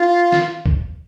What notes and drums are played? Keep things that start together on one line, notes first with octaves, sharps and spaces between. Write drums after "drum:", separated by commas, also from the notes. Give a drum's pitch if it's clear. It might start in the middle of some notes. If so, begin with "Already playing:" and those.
Already playing: F4
drum: snare
drum: kick